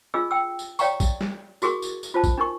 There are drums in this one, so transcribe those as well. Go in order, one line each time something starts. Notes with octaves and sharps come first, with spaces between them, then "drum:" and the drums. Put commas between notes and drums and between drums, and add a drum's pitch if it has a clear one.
D4 F4 G#4 D#5 E6
G5 E6
drum: tambourine
C#5 D5 F5 G5 A#5 C#6, drum: tambourine
drum: kick A1, tambourine
drum: snare
E4 F#4 G#4 A#4 C#6, drum: tambourine
drum: tambourine
drum: tambourine
F4 C5 A5
drum: kick A1, tambourine
D4 D#4 A#4 C#6